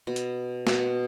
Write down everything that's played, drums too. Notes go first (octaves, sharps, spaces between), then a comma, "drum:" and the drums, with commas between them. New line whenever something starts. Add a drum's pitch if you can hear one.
B2
drum: hi-hat
B2, drum: snare